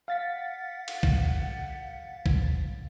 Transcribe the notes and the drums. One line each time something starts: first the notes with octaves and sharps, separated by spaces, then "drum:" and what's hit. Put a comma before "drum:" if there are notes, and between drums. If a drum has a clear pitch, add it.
F5 F#5 A6 B6
drum: cymbal
drum: kick
drum: kick